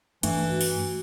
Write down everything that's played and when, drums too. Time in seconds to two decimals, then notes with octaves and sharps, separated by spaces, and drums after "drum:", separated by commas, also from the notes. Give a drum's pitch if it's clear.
0.23 G2 E3 A3 D4, drum: hi-hat
0.49 F#4
0.61 drum: open hi-hat